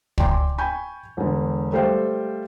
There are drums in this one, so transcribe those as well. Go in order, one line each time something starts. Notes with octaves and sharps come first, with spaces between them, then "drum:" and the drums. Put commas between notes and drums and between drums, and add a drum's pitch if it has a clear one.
D5 G5 G#5 A#5 C6 D6, drum: kick
G5 G#5 B5 C#6 G6
E1 D3
G3 A3 A4 C5 F5 G5